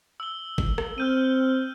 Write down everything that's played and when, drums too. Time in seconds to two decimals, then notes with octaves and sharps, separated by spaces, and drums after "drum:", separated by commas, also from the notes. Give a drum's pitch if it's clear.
0.20 E6 G7
0.58 drum: kick G1
0.78 drum: rim click
0.98 C4 F6 G6 D#7